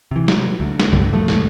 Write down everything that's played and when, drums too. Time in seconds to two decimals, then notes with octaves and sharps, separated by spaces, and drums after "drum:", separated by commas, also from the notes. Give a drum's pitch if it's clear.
0.11 C3 E3
0.28 F#3, drum: snare
0.60 D2
0.80 drum: snare
0.93 C2 G2 D3 G3, drum: tom G3
1.12 D2 A#2 F3 A3
1.28 drum: snare